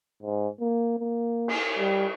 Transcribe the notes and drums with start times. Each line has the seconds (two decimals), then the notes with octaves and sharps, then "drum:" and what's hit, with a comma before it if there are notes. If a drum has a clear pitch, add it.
0.23 G#2
0.60 A#3
0.98 A#3
1.48 drum: cymbal
1.78 G3